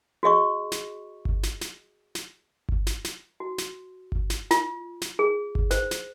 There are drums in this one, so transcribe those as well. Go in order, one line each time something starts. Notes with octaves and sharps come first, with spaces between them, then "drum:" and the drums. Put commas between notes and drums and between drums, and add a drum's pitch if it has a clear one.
F#4 G#4 D#5 C#6
drum: snare
drum: kick G1
drum: snare
drum: snare
drum: snare
drum: kick G1
drum: snare
drum: snare
F#4
drum: snare
drum: kick G1
drum: snare
F4, drum: snare
drum: snare
G#4
drum: kick G1
C5, drum: snare
drum: snare